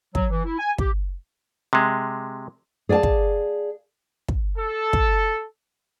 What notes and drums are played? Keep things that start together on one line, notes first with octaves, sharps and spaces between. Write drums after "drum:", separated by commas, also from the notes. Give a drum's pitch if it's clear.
F#3, drum: kick
E3
E4
G#5
G4, drum: kick
C3 G#3
G#4 D5 F5 G#5 A5
drum: kick
drum: kick
A4
drum: kick